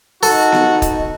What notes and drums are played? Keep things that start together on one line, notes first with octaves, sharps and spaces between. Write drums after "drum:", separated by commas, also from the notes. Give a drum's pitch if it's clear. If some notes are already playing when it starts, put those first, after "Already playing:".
D#4 F#4 A4, drum: open hi-hat
drum: snare B3
drum: kick, hi-hat